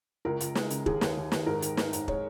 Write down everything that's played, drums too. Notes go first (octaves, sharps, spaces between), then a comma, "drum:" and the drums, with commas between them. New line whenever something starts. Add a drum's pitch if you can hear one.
C#2 A#4
C#2, drum: hi-hat
G#3, drum: snare
C#3, drum: hi-hat
D#2 G#4, drum: kick
D#2, drum: snare
D#2
D#2, drum: snare
G#2 A#4
D#3, drum: hi-hat
D#3, drum: snare
G#2, drum: hi-hat
G#3 C#5, drum: kick